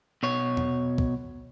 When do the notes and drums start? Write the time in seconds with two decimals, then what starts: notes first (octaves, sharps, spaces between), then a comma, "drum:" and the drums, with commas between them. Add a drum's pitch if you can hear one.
0.23 B2 C#5
0.57 drum: tom E2
0.98 drum: kick